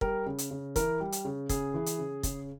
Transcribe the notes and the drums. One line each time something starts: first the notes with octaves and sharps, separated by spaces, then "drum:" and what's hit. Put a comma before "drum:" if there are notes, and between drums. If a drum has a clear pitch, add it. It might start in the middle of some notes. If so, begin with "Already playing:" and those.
G3 A#4, drum: kick
C#3
drum: hi-hat
C#3
E3 A#4, drum: kick, hi-hat
G3
drum: hi-hat
C#3
C#3 G#4, drum: kick, hi-hat
E3
drum: hi-hat
C#3
C#3, drum: kick, hi-hat